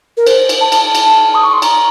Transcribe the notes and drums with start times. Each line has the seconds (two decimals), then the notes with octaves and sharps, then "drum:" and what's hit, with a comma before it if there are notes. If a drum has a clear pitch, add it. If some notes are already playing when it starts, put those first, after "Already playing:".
0.17 A#4
0.27 C5, drum: cymbal
0.49 drum: cymbal
0.61 A5
0.72 drum: cymbal
0.95 drum: cymbal
1.35 D#6
1.44 C#6
1.53 C6
1.62 A#5, drum: cymbal